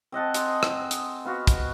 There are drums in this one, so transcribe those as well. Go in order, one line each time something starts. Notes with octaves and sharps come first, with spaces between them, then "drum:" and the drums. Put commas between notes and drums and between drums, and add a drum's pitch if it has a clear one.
C4 D#5 F#5 A5
G#4 C6, drum: hi-hat
drum: rim click
drum: hi-hat
B3 F4 F#4
drum: kick, hi-hat